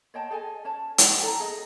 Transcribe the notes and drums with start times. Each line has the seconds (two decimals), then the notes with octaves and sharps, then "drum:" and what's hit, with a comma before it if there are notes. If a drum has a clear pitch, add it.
0.14 C#5 D#5 G5 A5
0.30 G#4 A4 D#5 G#5
0.64 C#4 C#5 A5
0.98 F#4 F#5 G5 B5, drum: hi-hat
1.22 A4 A#5
1.40 G#4 D#5